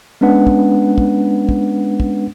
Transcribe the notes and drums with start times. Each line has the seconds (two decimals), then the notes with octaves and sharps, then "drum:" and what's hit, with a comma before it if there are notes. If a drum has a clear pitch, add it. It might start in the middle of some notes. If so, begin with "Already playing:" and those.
0.21 G#3 B3 C#4 D4 B4 F#5
0.47 drum: kick
0.98 drum: kick
1.49 drum: kick
2.00 drum: kick